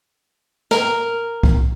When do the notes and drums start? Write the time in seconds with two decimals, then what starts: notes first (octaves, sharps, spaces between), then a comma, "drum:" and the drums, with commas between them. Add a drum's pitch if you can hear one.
0.71 A#4, drum: snare
1.43 drum: kick C2